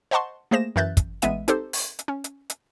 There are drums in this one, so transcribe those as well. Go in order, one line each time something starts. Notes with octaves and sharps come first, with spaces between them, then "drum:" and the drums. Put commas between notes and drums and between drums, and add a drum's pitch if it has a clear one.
C5 D#5 F#5 A5 C6 C#6
A3 A#3 G#4 C5 A#6 E7
F#2 E3 E5 F#6 G6 A6
drum: kick, hi-hat
A1 G#3 B3 E5 D#7, drum: hi-hat
C4 D#4 G4 A4 C5, drum: hi-hat
drum: open hi-hat
drum: hi-hat
C#4
drum: hi-hat
drum: hi-hat